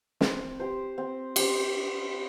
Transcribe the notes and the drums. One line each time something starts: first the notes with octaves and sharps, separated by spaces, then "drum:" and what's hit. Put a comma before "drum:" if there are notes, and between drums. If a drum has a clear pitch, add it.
C4, drum: snare
G4 C5
C4
G4 C5, drum: cymbal